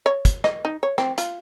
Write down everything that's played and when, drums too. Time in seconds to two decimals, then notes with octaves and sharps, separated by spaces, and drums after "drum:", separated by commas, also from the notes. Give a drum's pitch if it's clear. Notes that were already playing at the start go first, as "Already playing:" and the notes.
0.06 C#5
0.25 drum: kick, hi-hat
0.44 D#5, drum: rim click
0.65 D#4
0.83 C#5
0.98 C4, drum: rim click
1.18 F4, drum: hi-hat